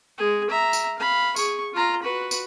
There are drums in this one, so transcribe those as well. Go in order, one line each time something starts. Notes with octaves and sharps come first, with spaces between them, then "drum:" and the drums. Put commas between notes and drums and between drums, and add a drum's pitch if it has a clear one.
G#3 G#4
E5 A#5
drum: tambourine
F5 B5
G#4 C#6, drum: tambourine
F4 A#5
F#4 B4
drum: tambourine